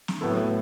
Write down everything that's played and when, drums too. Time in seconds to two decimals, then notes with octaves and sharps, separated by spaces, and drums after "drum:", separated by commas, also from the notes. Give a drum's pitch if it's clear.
0.08 drum: snare
0.21 A2 F#3 B3 E4 A4